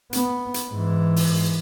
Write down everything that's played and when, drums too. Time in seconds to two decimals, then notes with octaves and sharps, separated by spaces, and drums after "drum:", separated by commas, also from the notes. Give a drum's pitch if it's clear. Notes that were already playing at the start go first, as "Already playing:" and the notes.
0.13 B3, drum: hi-hat
0.54 drum: hi-hat
0.72 G#2 E3
1.16 drum: open hi-hat